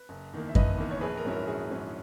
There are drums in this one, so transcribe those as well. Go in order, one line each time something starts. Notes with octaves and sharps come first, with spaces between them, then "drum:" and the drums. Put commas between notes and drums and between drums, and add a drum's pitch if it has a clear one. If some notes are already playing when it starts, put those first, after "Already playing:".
Already playing: B4
F#1
E2 D#3 A#3
E5
F#1 B4 D#5, drum: kick F#2
E2 D#3 A#3
C#5
A#1 G#4 B4
A#4
G#2 F#3 C#4 E4
A#4
A#1 G#4
G#2 F#3 C#4 E4